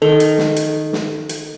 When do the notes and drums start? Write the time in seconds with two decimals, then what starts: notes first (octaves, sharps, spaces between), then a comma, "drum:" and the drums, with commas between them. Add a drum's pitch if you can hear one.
0.02 D#3 A4
0.20 drum: hi-hat
0.38 drum: snare
0.56 drum: hi-hat
0.93 drum: snare
1.29 drum: hi-hat